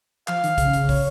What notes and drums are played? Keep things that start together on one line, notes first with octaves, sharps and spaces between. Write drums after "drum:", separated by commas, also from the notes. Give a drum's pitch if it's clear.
F3 F5, drum: clap
D#3, drum: hi-hat
C#3, drum: kick, hi-hat
drum: hi-hat
C#5, drum: kick, open hi-hat